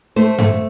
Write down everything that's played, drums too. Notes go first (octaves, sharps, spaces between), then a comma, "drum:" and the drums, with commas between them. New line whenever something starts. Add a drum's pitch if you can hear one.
A3 C5
A3, drum: tom G2